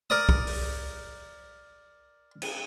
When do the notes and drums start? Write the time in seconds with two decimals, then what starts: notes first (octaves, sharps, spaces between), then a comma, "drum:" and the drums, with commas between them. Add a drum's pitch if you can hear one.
0.10 A#4 D5 D#6
0.29 drum: kick C2
0.47 drum: open hi-hat
2.42 drum: cymbal